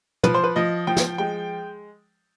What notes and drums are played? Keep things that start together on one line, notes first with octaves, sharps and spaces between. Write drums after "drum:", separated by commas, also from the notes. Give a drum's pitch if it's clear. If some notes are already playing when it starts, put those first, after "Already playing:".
F3 B4, drum: tom
C5
B4
F3 D#5
F3 G5
drum: snare
G#3 G5